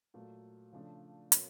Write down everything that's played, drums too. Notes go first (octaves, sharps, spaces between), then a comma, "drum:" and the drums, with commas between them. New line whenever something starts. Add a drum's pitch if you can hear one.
A#2 F#3 A3
C#3 F3 A3 D4
B2 F#3 A#3 C#4, drum: hi-hat